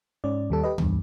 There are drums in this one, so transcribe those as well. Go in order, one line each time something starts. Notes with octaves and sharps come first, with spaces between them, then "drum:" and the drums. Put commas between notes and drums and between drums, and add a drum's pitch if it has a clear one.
G#2 C#4 D5
D#2 G3 A4
G4 B4 D#5
E2 G2, drum: tom C#2